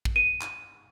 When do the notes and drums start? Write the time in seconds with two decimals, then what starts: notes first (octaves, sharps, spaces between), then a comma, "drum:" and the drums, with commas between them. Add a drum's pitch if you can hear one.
0.05 drum: kick
0.16 D#7
0.41 drum: clap